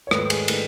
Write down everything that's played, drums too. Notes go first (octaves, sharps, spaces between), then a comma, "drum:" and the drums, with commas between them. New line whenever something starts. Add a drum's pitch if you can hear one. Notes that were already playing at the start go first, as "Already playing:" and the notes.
C#5
G#2 D#3 A3 B4, drum: rim click
G#4, drum: cymbal
D#3 A3 B4, drum: cymbal